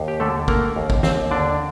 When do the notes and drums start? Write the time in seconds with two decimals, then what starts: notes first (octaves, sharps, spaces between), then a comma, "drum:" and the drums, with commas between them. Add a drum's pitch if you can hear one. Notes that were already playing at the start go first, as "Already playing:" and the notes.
Already playing: D#2
0.08 G4
0.20 D3 A3 A4
0.48 A3 A#3 A#4, drum: kick
0.76 D#2
0.90 drum: kick
1.03 D#2 C4 C5, drum: snare
1.31 D3 D4 D5